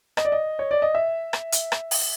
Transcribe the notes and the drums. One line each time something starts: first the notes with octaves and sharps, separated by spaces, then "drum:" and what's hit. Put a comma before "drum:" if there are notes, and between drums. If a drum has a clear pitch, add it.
D#5, drum: rim click
D5
D#5
C#5
D5
D#5
E5
drum: rim click
drum: hi-hat
drum: rim click
drum: open hi-hat